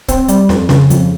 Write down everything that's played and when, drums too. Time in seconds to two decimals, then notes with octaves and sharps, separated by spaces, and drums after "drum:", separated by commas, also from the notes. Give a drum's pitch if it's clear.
0.08 C4, drum: kick C#1, hi-hat
0.28 G3, drum: hi-hat
0.49 F2, drum: snare
0.69 C#3, drum: snare
0.90 F2, drum: hi-hat